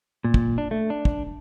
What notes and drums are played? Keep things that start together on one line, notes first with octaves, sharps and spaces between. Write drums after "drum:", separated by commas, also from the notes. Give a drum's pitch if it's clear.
A#2
drum: kick
D4
A3
D4
drum: kick